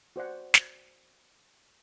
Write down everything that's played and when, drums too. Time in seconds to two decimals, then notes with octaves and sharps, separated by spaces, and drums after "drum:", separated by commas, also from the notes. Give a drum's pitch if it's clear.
0.16 F#4 C5 D5 F#5
0.54 drum: snare